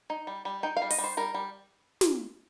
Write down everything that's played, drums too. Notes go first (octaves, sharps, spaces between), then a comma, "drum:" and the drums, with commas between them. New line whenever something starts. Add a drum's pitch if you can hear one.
D#4
G3
G3
D#4 G5
F5
G3
D#5, drum: open hi-hat
G3
C5
G3 A#4
G3
drum: snare